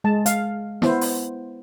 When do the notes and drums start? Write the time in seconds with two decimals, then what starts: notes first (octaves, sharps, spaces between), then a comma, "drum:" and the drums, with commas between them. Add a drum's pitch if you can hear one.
0.04 G#3 A5
0.26 F5, drum: hi-hat
0.82 B3 E4 C5, drum: snare
1.01 drum: open hi-hat